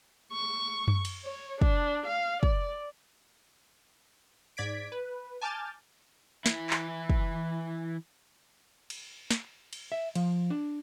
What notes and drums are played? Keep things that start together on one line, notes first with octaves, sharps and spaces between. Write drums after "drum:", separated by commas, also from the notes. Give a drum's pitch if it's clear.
C#6
drum: tom F#2
drum: cymbal
C#5
D4, drum: kick
F5
D5, drum: kick
G#2 D5 G#6 B6 D7
B4
G#5 A5 D6 F6 G6 A6
E3 E4, drum: snare
drum: clap
drum: kick
drum: cymbal
drum: snare
drum: cymbal
E5
F3, drum: cymbal
D4